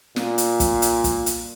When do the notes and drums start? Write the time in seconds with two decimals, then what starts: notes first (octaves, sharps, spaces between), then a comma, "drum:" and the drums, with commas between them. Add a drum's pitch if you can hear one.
0.16 A#2, drum: snare
0.38 drum: hi-hat
0.60 drum: kick, hi-hat
0.82 drum: hi-hat
1.04 drum: kick, hi-hat
1.26 drum: hi-hat